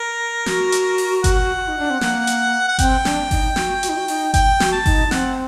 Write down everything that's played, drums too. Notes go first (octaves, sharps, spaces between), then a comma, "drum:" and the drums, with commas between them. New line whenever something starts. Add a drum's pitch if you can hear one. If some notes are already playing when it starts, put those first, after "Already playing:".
Already playing: A#4
F#4, drum: snare
drum: hi-hat
drum: open hi-hat
F#5, drum: kick G1, hi-hat
F#4
D#4
D4
C4
A#3, drum: snare
drum: hi-hat
F#5
C4 G5, drum: kick G1, hi-hat
D4, drum: snare
D#4, drum: kick G1, open hi-hat
F#4, drum: snare
F#4, drum: hi-hat
D#4
F#4
D#4, drum: open hi-hat
G5, drum: kick G1, hi-hat
F#4, drum: snare
A5
D#4, drum: kick G1, open hi-hat
C4 F#5, drum: snare